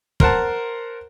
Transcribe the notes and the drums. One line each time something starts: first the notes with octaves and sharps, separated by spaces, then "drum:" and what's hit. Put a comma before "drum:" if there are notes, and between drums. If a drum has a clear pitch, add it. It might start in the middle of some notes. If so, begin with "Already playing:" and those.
A#4 C5 F#5 A5, drum: kick